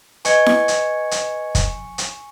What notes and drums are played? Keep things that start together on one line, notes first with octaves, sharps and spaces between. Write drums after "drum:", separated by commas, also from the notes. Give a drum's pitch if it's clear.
B4 D#5 G#5 C#6 G#6 C#7, drum: hi-hat
drum: snare E4
drum: hi-hat
drum: hi-hat
drum: kick, hi-hat
drum: hi-hat